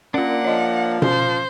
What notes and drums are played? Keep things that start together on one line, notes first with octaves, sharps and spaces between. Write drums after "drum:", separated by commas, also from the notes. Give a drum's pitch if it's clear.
A#3 C#4 D4 F4 F#5
F3 C#5 D#5
C#4 C5, drum: tom B2